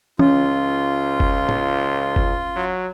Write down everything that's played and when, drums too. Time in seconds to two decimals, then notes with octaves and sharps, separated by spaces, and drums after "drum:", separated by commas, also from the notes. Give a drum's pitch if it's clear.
0.19 C#2 C#4 F4, drum: tom
1.20 drum: kick F#1
1.49 drum: tom
2.16 drum: kick F#1
2.56 F#3